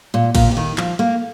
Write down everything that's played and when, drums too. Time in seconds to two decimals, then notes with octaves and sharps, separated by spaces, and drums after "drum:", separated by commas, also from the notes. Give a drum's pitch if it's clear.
0.14 A#2
0.35 A#2, drum: kick, cymbal
0.51 C3
0.57 D#3
0.78 F3, drum: clap
0.99 A#3